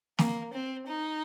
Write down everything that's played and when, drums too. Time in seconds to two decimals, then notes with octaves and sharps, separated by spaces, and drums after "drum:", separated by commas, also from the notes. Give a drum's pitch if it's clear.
0.19 A#3, drum: snare
0.53 C4
0.86 D#4